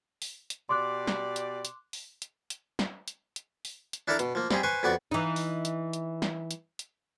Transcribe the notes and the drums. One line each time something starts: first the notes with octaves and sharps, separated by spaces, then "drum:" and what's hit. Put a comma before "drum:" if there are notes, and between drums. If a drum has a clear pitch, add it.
drum: open hi-hat
drum: hi-hat
B2 G4 D5 C6 D6 F#6
drum: snare
drum: hi-hat
drum: hi-hat
drum: open hi-hat
drum: hi-hat
drum: hi-hat
drum: snare
drum: hi-hat
drum: hi-hat
drum: open hi-hat
drum: hi-hat
D4 E4 A4 A#4 D5 A#5
B2, drum: hi-hat
F3 A#3
G3 C4 G4 G#4, drum: snare
B4 C5 G#5 C#6
F2 B3 F#4 D5 C#6
E3 D#4
drum: open hi-hat
drum: hi-hat
drum: hi-hat
drum: snare
drum: hi-hat
drum: hi-hat